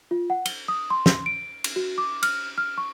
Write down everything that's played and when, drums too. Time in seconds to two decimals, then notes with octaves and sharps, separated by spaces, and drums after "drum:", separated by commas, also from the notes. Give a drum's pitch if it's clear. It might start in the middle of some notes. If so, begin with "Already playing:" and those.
0.11 F4
0.30 F#5
0.46 G7, drum: cymbal
0.68 D#6
0.90 C6
1.06 drum: snare
1.26 D7
1.64 drum: cymbal
1.76 F#4
1.98 D6
2.23 F6, drum: cymbal
2.58 F6
2.78 C#6